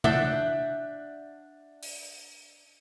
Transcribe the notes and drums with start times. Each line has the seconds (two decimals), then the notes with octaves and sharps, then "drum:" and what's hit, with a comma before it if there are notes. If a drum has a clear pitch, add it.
0.04 D4 E5 F#5 G6, drum: tom C3
1.83 drum: open hi-hat